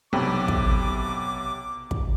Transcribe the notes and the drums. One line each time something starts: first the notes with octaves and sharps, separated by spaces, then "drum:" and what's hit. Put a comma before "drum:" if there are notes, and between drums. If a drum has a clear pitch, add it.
B1 C3 G5 B5 D6
drum: kick
drum: kick